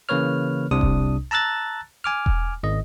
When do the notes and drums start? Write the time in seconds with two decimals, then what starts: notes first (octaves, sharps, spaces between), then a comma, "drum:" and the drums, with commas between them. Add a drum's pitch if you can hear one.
0.09 C#3 E3 A#3 B4 C#5 F6
0.71 C2 C3 D4 D#6
0.81 drum: kick E1
1.31 A5 A#5 E6 F#6 A6
2.04 G#5 D6 F6
2.26 drum: kick E1
2.63 G#1 D#5